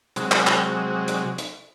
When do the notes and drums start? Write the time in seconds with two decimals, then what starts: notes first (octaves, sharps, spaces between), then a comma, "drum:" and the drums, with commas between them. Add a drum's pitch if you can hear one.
0.16 C3 F#3 G#3, drum: hi-hat
0.32 drum: clap
0.47 drum: clap
1.08 drum: hi-hat
1.38 drum: hi-hat